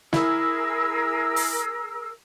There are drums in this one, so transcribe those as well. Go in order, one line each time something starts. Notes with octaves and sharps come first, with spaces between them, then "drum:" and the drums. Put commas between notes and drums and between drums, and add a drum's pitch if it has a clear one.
E4 G#4 A#4 E6, drum: snare
drum: open hi-hat